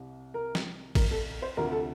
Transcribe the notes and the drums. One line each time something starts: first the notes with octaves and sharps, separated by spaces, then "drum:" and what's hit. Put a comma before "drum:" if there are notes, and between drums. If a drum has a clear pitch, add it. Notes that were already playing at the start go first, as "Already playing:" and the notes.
Already playing: C2 C3
A#4
drum: snare
A#4, drum: kick G#1, cymbal
A4
C5
D2 C3 F3 A#4
A4